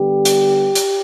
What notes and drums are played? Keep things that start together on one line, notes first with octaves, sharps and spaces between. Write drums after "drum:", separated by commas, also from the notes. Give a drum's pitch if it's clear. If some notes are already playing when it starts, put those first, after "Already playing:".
Already playing: D3 G3 B3 G4
drum: hi-hat
drum: hi-hat